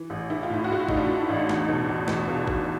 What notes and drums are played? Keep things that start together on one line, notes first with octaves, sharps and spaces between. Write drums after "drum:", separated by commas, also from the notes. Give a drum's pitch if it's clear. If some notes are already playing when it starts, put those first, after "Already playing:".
Already playing: E3
A1
E3 E4
F4
A2 E4
F#4
A2 F4
E4
A2 D#4, drum: kick
D4
E3
E4
A1
D#4
E2 D4, drum: snare
B2 D#4
E2
E2, drum: snare
B2 F4
B2, drum: kick